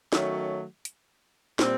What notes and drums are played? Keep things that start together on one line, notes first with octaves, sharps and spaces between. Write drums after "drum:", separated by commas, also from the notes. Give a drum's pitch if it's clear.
D#3 F#3 A3 C#4, drum: snare
drum: hi-hat
A#2 G3 C4, drum: snare